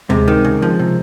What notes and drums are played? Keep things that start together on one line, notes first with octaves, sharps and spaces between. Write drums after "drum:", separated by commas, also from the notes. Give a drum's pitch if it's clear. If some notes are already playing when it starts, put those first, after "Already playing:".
C3 G#3, drum: tom
D#3
C#3
F3
C3